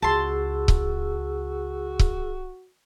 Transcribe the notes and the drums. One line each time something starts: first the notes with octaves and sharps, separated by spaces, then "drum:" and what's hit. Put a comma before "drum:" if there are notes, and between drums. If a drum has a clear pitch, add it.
C#2 F#4 G#4 A5 C6 E6
drum: kick C#1
drum: kick C#1